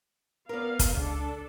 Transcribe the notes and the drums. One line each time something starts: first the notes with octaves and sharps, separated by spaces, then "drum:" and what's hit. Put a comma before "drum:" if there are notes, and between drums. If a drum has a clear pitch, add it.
B3 A#4 D5 F5
drum: kick, hi-hat
C#2 D4 A4